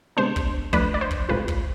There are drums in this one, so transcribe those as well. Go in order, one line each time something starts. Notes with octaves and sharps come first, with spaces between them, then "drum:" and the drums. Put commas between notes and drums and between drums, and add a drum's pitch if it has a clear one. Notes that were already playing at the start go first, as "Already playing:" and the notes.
C3 G#3 B3 D4 C5
drum: kick
F3 A3 D4 B4 D5, drum: kick
D5
C5
drum: kick
A2 G#3 C4 F4 B4
drum: kick